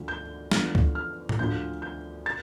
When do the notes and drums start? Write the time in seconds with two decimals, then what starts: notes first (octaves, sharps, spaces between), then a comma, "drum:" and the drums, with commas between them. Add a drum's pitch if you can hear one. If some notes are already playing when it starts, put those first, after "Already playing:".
Already playing: D2 D3 F3
0.08 G6
0.51 E2 D3 F3 F6, drum: snare
0.75 drum: kick C#2
0.95 F6
1.29 drum: tom A2
1.39 D2 D3 F3 G6
1.82 G6
2.26 A6